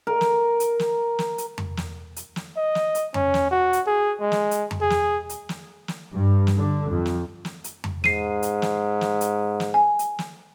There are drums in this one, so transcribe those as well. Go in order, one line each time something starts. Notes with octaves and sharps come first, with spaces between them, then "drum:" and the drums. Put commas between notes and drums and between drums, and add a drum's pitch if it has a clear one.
A#4
drum: snare
drum: hi-hat
drum: snare
drum: snare
drum: hi-hat
drum: tom F2
drum: snare
drum: hi-hat
drum: snare
D#5
drum: snare
drum: hi-hat
C#4, drum: tom F2
drum: snare
F#4
drum: hi-hat
G#4
G#3
drum: snare
drum: hi-hat
drum: tom F2
G#4
drum: snare
drum: hi-hat
drum: snare
drum: snare
G2
drum: snare
D3
F2
drum: snare
drum: snare
drum: hi-hat
drum: tom F2
G#2 C7 D#7, drum: snare
drum: hi-hat
drum: snare
drum: snare
drum: hi-hat
drum: snare
G#5
drum: hi-hat
drum: snare